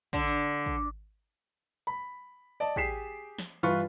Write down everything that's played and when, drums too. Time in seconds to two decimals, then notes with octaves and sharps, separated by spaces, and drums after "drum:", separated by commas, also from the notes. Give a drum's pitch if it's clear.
0.13 D3, drum: kick
0.66 drum: kick
1.87 B5
2.60 D5 D#5 A5
2.76 G4 G#4 B6 C7 E7, drum: kick
3.39 drum: snare
3.63 G2 E3 D4 F4 B4 C#6